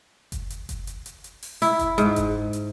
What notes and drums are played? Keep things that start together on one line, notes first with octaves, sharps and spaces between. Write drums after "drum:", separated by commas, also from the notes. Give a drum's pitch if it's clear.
drum: kick F#1, hi-hat
drum: hi-hat
drum: kick F#1, hi-hat
drum: hi-hat
drum: hi-hat
drum: hi-hat
drum: open hi-hat
E4, drum: open hi-hat
drum: kick F#1, hi-hat
G#2, drum: hi-hat
drum: kick F#1, hi-hat
drum: hi-hat